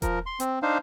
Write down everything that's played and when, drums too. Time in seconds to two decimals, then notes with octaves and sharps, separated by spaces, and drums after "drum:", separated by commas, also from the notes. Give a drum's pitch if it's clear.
0.02 F3 A#4, drum: kick E1, hi-hat
0.26 C6
0.40 C4, drum: hi-hat
0.62 D4 D#4 C5 F5